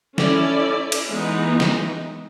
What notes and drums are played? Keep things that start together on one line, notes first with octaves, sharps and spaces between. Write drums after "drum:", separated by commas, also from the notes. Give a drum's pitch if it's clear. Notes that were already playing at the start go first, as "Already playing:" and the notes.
C#4 E4 A4 D5, drum: snare
drum: cymbal
E3 G#3 B3 D#4
drum: snare